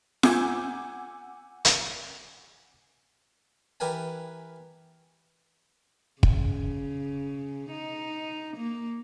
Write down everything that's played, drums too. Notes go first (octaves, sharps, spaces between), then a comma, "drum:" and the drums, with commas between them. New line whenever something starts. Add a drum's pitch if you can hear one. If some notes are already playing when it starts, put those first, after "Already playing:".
F#5 G#5 D6 E6 G6 G#6, drum: snare F4
drum: hi-hat
E3 G4 A#4 B4 G#5 A5
C#3, drum: kick
D#4
A#3